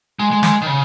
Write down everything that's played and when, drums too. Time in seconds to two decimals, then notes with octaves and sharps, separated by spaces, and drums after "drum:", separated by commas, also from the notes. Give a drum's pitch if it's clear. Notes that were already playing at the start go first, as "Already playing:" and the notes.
0.19 G#3
0.31 G#3
0.43 G#3, drum: snare
0.62 D#3
0.66 C#3